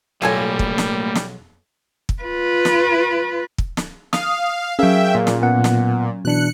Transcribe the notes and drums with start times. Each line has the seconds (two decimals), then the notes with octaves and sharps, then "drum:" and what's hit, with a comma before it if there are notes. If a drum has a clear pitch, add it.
0.22 B1 A2 G3 A#3 F4 A4 C#5 G#5
0.59 drum: kick
0.78 drum: snare
1.15 drum: snare
2.09 drum: kick
2.22 F4 B4
2.65 drum: snare
3.58 drum: kick
3.77 drum: snare
4.13 F5 D#6, drum: snare
4.79 F#3 C#4 G#4 A#4 E5 F5 G5
5.14 A#2
5.27 drum: snare
5.42 B3 F#5
5.64 drum: snare
6.25 B2 E3 D4 F#6 C#7